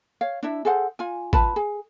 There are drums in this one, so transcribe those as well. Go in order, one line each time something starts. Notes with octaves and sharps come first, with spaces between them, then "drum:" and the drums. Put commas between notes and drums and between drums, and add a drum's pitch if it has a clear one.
C#5 F5
D4 E4 E5
G#4 A4 C5 F#5
F4 G#5
F4 B4 A5 B5, drum: kick
G#4